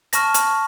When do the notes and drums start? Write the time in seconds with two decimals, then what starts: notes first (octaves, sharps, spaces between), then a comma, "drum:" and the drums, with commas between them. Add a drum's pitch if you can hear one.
0.13 A5 C#6 F6 A#6, drum: hi-hat
0.34 drum: hi-hat